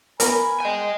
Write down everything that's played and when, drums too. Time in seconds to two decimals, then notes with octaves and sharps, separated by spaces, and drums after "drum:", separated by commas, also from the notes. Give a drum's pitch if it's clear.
0.20 B3 A#4 G#5 B5, drum: hi-hat
0.60 D#5 G5 G#5